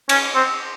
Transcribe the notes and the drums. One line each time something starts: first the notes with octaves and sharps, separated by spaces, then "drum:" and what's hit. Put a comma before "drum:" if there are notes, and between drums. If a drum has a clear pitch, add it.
C#4, drum: cymbal
C4